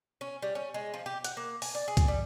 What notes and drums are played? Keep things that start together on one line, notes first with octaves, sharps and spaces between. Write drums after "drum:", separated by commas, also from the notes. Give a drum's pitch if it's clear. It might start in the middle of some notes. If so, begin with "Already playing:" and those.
C#4
G3
C#4
G#3
F3
G4
F#5, drum: hi-hat
A#3
G#5, drum: open hi-hat
D5
G#4
drum: kick, hi-hat
G3